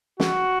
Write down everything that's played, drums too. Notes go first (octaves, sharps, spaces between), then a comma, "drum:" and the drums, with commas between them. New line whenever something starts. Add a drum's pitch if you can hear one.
F#4, drum: snare